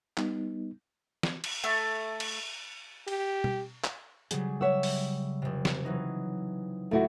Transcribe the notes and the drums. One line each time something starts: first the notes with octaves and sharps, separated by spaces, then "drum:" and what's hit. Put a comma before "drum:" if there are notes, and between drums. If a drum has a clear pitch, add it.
G3 B3 D#4, drum: clap
drum: snare
drum: cymbal
A3
drum: cymbal
G4, drum: cymbal
drum: tom B2
drum: clap
C#3 F#3 G3 G#4, drum: hi-hat
C#5 E5 F#5 E6
drum: open hi-hat
F1 C3
drum: snare
E3 F#3 D#4
C#2 A3 E4 F#4